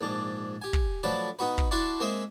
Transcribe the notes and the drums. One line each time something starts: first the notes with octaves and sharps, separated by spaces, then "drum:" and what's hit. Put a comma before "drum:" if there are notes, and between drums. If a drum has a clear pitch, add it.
A#1 G#2 D4
G4 G#5
drum: kick
F3 F#3 A3 D4 B4 D5
B3 D#4 F#4 B4
drum: kick
D4 E4 F#4 A5 C6 C#6
G#3 A#3 C4 C5 D#5 E5